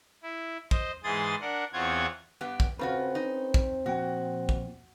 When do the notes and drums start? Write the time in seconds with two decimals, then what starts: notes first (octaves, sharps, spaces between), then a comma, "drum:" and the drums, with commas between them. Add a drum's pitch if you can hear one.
0.23 E4
0.71 C5 D#5, drum: kick
1.04 G#2 E3 G#4 C6 D#6 A6
1.41 D4 A#4 F#5
1.73 E2 C4 F4 C#5 F#5 G#6
2.41 G2 B3 G4
2.60 drum: kick
2.79 C#3 C4 C#4 F4 F#4 A4 B4
3.15 D#4
3.54 drum: kick
3.86 A#2 F3 F#4 G5
4.49 drum: kick